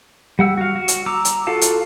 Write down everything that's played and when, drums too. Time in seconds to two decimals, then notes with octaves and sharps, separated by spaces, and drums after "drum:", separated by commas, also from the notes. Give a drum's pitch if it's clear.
0.39 G3 F#5 E6
0.57 F#4 F5
0.76 F#4
0.88 drum: hi-hat
1.06 A#5 D6 E6
1.25 drum: hi-hat
1.47 F4 F#4 A4 F5 A5
1.61 drum: hi-hat